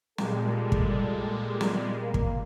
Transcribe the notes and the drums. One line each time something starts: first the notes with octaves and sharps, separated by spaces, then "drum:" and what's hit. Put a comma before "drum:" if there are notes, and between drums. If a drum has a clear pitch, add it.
A#2 G3 G#3 A4, drum: snare
drum: kick
drum: snare
A#3
drum: kick